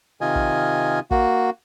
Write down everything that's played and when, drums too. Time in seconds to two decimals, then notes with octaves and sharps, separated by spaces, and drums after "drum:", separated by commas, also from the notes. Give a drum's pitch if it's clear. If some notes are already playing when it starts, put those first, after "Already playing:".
0.21 C3 D#3 F4 D#5 G#5
0.35 drum: kick
1.11 A#3 F#4, drum: kick